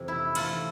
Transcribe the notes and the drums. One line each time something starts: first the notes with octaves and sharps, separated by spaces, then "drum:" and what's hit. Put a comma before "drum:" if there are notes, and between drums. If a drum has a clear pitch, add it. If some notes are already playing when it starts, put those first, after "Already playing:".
Already playing: F2 C3 E3
E4
C3 E3 A3 E4 F4, drum: cymbal